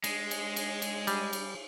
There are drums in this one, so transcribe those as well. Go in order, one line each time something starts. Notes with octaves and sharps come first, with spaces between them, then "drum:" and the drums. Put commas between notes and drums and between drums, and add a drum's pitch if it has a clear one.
G#3, drum: cymbal
drum: cymbal
drum: cymbal
drum: cymbal
G3, drum: cymbal
drum: cymbal